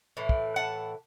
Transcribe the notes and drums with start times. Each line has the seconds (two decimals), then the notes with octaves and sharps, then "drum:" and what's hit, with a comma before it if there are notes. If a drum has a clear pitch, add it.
0.17 A2 E3
0.29 drum: kick
0.56 F#5 A5